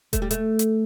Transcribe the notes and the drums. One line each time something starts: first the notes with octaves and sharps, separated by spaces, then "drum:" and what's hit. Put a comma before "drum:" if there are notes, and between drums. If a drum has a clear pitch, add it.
A3, drum: kick E1, hi-hat
G3
A3, drum: hi-hat
drum: hi-hat